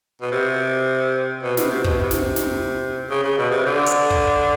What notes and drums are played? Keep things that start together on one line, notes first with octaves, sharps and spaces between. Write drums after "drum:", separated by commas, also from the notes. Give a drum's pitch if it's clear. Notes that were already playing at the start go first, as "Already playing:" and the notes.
B2
C3
B2
C3, drum: snare
C3
B2, drum: kick
C3
drum: snare
drum: snare
C#3
C#3
B2
C3
D3
drum: hi-hat
drum: kick